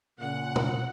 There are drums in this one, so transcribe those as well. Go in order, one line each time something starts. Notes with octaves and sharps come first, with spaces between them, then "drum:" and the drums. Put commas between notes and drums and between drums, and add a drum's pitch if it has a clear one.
A#2 C#3 F#5
drum: tom